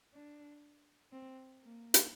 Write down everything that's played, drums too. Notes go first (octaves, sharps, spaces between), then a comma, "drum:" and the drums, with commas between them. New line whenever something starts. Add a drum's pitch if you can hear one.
D4
C4
A#3
drum: hi-hat